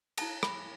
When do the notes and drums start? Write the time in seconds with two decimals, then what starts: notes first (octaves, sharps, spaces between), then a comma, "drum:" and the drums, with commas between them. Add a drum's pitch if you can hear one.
0.18 E4 A4 A5, drum: cymbal
0.43 B5, drum: rim click